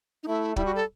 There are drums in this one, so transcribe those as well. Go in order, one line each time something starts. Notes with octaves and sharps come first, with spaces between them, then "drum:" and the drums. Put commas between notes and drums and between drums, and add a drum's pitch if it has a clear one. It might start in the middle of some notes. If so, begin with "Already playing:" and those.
D#4
A3 E4
G3 E4, drum: kick
F#4
A4